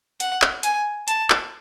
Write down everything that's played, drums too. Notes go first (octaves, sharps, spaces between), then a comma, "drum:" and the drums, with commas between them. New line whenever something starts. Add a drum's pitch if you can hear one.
F#5, drum: hi-hat
drum: clap
G#5, drum: hi-hat
A5, drum: hi-hat
drum: clap